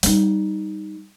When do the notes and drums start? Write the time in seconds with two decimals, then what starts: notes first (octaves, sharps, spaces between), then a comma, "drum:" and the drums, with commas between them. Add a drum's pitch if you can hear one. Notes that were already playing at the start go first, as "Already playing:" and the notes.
0.03 G3 D#4, drum: open hi-hat